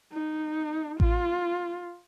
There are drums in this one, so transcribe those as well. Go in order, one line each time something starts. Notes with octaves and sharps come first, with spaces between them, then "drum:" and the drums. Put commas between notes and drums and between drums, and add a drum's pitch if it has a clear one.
D#4
F4, drum: kick A1